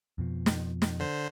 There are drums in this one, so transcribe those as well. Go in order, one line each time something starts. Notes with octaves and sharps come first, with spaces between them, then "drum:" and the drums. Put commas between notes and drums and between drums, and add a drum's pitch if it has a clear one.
F2 B2 F3
drum: snare
drum: snare
D3 C5